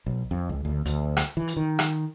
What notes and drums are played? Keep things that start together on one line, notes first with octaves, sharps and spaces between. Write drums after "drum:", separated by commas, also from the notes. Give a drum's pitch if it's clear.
B1
F2
C#2
D2
D2, drum: hi-hat
drum: rim click
E3
drum: hi-hat
D#3
drum: rim click